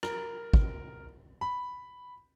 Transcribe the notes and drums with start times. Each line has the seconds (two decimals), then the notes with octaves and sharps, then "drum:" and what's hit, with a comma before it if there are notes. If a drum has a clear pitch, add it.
0.03 A#4, drum: rim click
0.54 drum: kick
1.41 B5